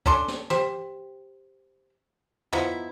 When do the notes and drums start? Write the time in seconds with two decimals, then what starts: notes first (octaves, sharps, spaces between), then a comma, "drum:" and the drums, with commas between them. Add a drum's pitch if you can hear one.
0.06 C#4 D4 A4 C6, drum: kick
0.28 drum: snare
0.50 G4 C5, drum: tom
2.53 F3 B3 D#4 E4, drum: tom